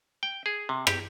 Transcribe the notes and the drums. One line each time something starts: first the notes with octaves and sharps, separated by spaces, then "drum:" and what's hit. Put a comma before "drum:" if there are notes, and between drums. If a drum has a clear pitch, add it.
G5
G#4
C3
G4, drum: rim click